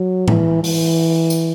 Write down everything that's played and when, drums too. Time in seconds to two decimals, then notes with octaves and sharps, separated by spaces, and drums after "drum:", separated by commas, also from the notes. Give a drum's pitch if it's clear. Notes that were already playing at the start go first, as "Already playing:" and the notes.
Already playing: F#3
0.28 E3, drum: tom A2
0.64 E3, drum: open hi-hat
1.30 drum: tambourine